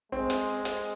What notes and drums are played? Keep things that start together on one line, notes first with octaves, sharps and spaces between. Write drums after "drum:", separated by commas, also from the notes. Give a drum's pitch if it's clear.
G#3 C4
drum: hi-hat
drum: hi-hat